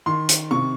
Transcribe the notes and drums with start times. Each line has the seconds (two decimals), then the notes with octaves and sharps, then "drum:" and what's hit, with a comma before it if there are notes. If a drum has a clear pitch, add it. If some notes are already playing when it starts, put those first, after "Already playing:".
0.06 D#3 C6
0.29 drum: hi-hat
0.51 C3 C#6